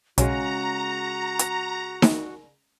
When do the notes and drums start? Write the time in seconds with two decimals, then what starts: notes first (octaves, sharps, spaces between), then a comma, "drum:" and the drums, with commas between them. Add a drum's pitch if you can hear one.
0.18 B1 C#3 G#3 F#4 A#5, drum: hi-hat
1.39 drum: hi-hat
2.02 drum: snare D#4